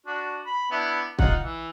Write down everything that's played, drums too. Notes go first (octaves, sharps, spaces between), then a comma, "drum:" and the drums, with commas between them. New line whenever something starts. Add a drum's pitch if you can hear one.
D4 F#4
B5
B3 D4 E4
D#4 F4 F#5, drum: kick
E3